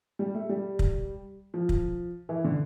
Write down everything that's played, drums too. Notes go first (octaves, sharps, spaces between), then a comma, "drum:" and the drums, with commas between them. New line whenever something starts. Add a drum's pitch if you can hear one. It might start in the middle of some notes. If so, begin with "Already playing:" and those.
G3
A3
G3
drum: kick
F3
drum: kick
E3
D3